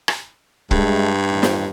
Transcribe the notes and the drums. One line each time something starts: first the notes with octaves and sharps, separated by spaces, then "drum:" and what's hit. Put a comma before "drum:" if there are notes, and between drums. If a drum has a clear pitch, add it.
drum: rim click
G2 G#3 A3, drum: kick
A1 D#2
drum: snare